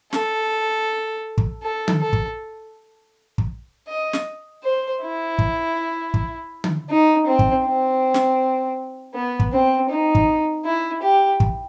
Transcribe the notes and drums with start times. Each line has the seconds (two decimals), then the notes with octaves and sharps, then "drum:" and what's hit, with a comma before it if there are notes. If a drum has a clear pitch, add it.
0.13 A4, drum: snare
1.38 drum: kick
1.62 A4
1.88 drum: tom D3
2.01 A4
2.13 drum: kick
3.38 drum: kick
3.88 D#5
4.13 drum: snare
4.64 C5
5.02 E4
5.39 drum: kick
6.14 drum: kick
6.64 drum: tom D3
6.89 D#4
7.26 C4
7.39 drum: kick
7.64 C4
8.14 drum: snare
9.14 B3
9.40 drum: kick
9.52 C4
9.89 D#4
10.15 drum: kick
10.65 E4
11.02 G4
11.40 drum: kick